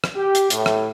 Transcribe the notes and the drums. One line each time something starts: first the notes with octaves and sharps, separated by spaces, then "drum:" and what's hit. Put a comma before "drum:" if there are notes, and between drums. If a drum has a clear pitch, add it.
drum: rim click
G4
drum: hi-hat
A2, drum: hi-hat
drum: rim click